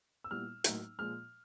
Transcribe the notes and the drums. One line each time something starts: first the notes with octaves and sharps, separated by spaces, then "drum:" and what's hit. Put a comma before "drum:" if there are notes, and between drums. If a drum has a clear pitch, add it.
E6
A#2 G3 B3 E4 F6
A2 F#3 A#3 D#4, drum: hi-hat
A#2 F3 G#3 F6